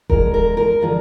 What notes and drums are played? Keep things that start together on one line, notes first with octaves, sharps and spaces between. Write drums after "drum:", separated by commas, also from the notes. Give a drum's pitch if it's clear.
D3 F3 G#3 A#4, drum: kick D#1
A#4
A#4
D3 F3 G#3